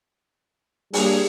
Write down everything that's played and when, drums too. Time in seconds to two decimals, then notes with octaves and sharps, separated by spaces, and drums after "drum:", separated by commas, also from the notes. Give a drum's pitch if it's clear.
0.94 G3 A#3 D4 G#4, drum: open hi-hat